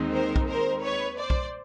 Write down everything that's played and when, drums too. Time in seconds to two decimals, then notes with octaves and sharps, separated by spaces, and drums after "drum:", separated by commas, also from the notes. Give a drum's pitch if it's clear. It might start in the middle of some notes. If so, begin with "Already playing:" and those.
Already playing: D#2 D#3 G#3 C4 D#4
0.12 A#4 C5
0.36 drum: kick B1
0.47 A#4 C5
0.83 B4 C#5
1.18 C5 D5
1.30 drum: kick B1